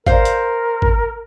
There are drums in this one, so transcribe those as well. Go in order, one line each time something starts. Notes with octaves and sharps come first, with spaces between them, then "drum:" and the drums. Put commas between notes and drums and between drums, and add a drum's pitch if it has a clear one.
A#4 C5 F5, drum: kick
drum: hi-hat
drum: kick